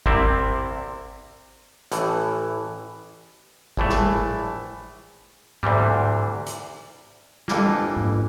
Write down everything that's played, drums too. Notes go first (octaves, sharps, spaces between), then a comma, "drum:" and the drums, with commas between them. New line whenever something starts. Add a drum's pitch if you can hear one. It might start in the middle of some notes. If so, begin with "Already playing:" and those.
C2 C3 G3 C4 E4, drum: kick G#1
A1 A2 E3, drum: hi-hat
A#1 A2 E3 A3, drum: kick G#1
drum: snare
D2 C3 E3 G3, drum: tom G#2
drum: hi-hat
G1 F2 E3 G3 A#3, drum: snare
drum: tom G#2